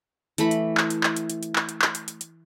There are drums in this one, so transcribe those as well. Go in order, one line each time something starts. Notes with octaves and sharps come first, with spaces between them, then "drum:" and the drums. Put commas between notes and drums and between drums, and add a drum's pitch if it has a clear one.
E3 A3 B5, drum: hi-hat
drum: hi-hat
drum: clap
drum: hi-hat
drum: clap
drum: hi-hat
drum: hi-hat
drum: hi-hat
drum: clap
drum: hi-hat
drum: clap
drum: hi-hat
drum: hi-hat
drum: hi-hat